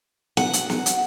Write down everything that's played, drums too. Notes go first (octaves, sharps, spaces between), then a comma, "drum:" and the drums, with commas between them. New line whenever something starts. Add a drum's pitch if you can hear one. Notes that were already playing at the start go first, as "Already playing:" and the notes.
F#5, drum: snare
drum: hi-hat
drum: snare
drum: hi-hat